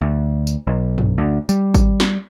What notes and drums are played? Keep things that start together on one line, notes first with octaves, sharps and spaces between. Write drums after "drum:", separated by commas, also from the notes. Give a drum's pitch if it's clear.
D2
drum: tambourine
B1
drum: tom F#2
D2
G3, drum: tambourine
drum: kick G#1, tambourine
drum: snare